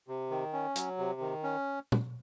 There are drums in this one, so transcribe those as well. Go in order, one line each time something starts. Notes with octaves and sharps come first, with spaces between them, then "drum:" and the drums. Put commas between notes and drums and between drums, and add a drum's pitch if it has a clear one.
C3
D#3
C#4
F#3, drum: hi-hat
C3
D#3
C#4
drum: tom